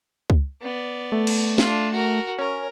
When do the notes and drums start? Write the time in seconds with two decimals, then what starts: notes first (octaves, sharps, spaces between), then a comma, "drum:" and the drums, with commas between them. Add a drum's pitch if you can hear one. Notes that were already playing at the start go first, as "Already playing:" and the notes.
0.30 drum: kick C#2
0.62 B3 D5
1.12 A3
1.27 drum: cymbal
1.58 D4 F4, drum: snare
1.92 F#4 A#4
2.39 C#4 A#4